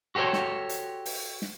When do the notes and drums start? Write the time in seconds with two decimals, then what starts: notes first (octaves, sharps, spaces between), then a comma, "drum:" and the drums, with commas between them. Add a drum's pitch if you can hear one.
0.15 F#4 G4 A4 C5 C#5
0.33 drum: snare
0.69 drum: hi-hat
1.06 drum: open hi-hat
1.42 drum: snare